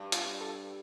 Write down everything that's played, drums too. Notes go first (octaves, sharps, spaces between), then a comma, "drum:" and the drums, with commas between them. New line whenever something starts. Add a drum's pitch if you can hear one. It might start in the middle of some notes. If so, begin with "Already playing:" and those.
Already playing: G2
F4, drum: hi-hat
A4